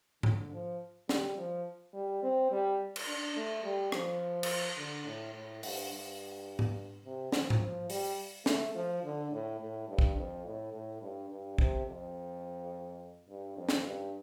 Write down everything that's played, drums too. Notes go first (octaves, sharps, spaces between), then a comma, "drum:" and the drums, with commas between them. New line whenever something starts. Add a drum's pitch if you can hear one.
D3, drum: tom G#2
F3
G3, drum: snare
F3
G3
C4
G3
drum: cymbal
D4
A3
G3
F3, drum: rim click
drum: cymbal
D3
A2
A2
G2, drum: open hi-hat
G2
drum: tom G#2
C3
F3, drum: snare
drum: tom G#2
F3
G3, drum: open hi-hat
A3, drum: snare
F3
D3
A2
A2
G2
drum: kick
F2
A2
A2
G2
G2
C3, drum: kick
F2
G2
F2
drum: snare
G2